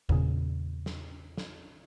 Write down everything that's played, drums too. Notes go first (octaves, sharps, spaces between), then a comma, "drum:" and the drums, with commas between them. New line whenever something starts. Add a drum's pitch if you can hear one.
E2 A#2 C#3, drum: kick F1
drum: snare
drum: snare